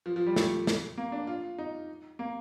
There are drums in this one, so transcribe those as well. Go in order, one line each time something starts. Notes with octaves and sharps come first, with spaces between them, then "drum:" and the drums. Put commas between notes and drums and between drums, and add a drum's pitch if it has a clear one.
F3
F3
G3
A3, drum: snare
drum: snare
A#3
D4
F4
D#4
A#3